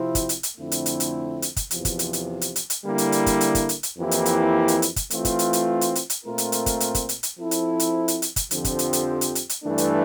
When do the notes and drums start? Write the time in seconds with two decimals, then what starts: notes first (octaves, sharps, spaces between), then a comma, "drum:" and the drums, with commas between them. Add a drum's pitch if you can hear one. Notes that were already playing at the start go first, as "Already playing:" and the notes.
Already playing: C3 F3 C4 E4
0.15 drum: kick, hi-hat
0.29 drum: hi-hat
0.43 drum: hi-hat
0.58 F2 D3 A3 C4 E4
0.72 drum: hi-hat
0.86 drum: hi-hat
1.00 drum: hi-hat
1.42 drum: hi-hat
1.56 drum: kick, hi-hat
1.71 E2 C3 F3, drum: hi-hat
1.85 drum: kick, hi-hat
1.99 drum: hi-hat
2.13 drum: hi-hat
2.41 drum: hi-hat
2.56 drum: hi-hat
2.70 drum: hi-hat
2.84 D3 G3 A#3 E4
2.98 drum: hi-hat
3.12 drum: hi-hat
3.26 drum: kick, hi-hat
3.41 drum: hi-hat
3.55 drum: kick, hi-hat
3.69 drum: hi-hat
3.83 drum: hi-hat
3.97 F2 E3 A#3 E4 G4
4.11 drum: hi-hat
4.26 drum: hi-hat
4.68 drum: hi-hat
4.82 drum: hi-hat
4.96 drum: kick, hi-hat
5.10 E3 A3 C4 F4, drum: hi-hat
5.25 drum: kick, hi-hat
5.39 drum: hi-hat
5.53 drum: hi-hat
5.81 drum: hi-hat
5.95 drum: hi-hat
6.10 drum: hi-hat
6.23 A#2 A3 C4 F4 A#4
6.38 drum: hi-hat
6.52 drum: hi-hat
6.66 drum: kick, hi-hat
6.80 drum: hi-hat
6.95 drum: kick, hi-hat
7.09 drum: hi-hat
7.23 drum: hi-hat
7.37 F3 C4 E4 A4
7.51 drum: hi-hat
7.80 drum: hi-hat
8.08 drum: hi-hat
8.22 drum: hi-hat
8.36 drum: kick, hi-hat
8.51 F2 D3 F3 C4 G4, drum: hi-hat
8.65 drum: kick, hi-hat
8.79 drum: hi-hat
8.93 drum: hi-hat
9.21 drum: hi-hat
9.35 drum: hi-hat
9.49 drum: hi-hat
9.64 G2 E3 A3 D4
9.78 drum: hi-hat